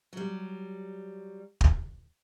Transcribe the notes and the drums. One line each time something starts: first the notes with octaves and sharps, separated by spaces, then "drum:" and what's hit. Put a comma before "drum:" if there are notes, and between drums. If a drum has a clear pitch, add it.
F#3 G3
drum: kick